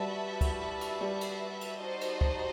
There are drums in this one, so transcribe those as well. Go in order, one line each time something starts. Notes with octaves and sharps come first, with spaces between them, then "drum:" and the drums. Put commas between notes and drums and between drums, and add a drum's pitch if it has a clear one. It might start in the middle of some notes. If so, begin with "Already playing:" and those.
Already playing: G3 F#4 B4 E5 A5
drum: kick, cymbal
drum: cymbal
G3
drum: cymbal
drum: cymbal
D#4 F#4 C5 D#5 A5
drum: cymbal
drum: kick